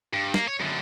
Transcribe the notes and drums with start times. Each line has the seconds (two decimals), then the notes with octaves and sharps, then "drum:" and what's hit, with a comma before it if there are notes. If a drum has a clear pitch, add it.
0.14 G2
0.34 A#3, drum: snare
0.48 C#5
0.60 F#2 D3